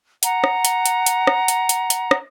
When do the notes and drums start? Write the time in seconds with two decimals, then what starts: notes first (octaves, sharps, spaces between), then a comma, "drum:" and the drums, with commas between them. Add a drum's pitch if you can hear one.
0.23 F#5 A#5, drum: hi-hat
0.44 drum: rim click
0.65 drum: hi-hat
0.86 drum: hi-hat
1.06 drum: hi-hat
1.27 drum: rim click
1.48 drum: hi-hat
1.69 drum: hi-hat
1.90 drum: hi-hat
2.11 drum: rim click